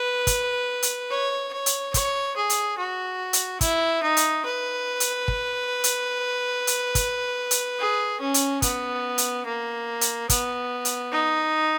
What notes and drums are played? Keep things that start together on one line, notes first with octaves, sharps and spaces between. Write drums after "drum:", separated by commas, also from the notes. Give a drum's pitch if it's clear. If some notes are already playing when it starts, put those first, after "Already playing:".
Already playing: B4
drum: kick, hi-hat
drum: hi-hat
C#5
C#5
drum: hi-hat
C#5, drum: kick, hi-hat
G#4
drum: hi-hat
F#4
drum: hi-hat
E4, drum: kick, hi-hat
D#4
drum: hi-hat
B4
drum: hi-hat
drum: kick
drum: hi-hat
drum: hi-hat
drum: kick, hi-hat
drum: hi-hat
G#4
C#4
drum: hi-hat
B3, drum: kick, hi-hat
drum: hi-hat
A#3
drum: hi-hat
B3, drum: kick, hi-hat
drum: hi-hat
D#4